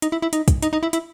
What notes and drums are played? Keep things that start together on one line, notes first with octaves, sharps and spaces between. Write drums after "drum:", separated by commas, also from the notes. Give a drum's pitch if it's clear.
D#4, drum: hi-hat
E4
E4
D#4, drum: hi-hat
drum: kick, hi-hat
D#4, drum: hi-hat
D#4
E4
E4, drum: hi-hat